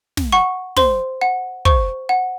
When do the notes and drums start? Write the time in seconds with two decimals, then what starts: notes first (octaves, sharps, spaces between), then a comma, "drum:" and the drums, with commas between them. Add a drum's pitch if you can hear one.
0.17 drum: snare
0.32 F#5 C#6
0.77 C5 C6, drum: snare
1.21 F#5
1.65 C5 C#6, drum: kick
2.09 F#5